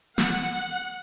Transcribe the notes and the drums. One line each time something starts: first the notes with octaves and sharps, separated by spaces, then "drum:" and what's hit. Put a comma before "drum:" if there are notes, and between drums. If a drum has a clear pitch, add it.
F#5, drum: snare